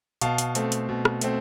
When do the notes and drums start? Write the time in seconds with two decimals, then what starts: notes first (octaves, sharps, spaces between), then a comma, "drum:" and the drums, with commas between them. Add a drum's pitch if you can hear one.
0.21 B2 F5 A5, drum: hi-hat
0.38 drum: hi-hat
0.55 A3 C4, drum: hi-hat
0.72 drum: hi-hat
0.89 B2
1.05 drum: rim click
1.21 A3 C4, drum: hi-hat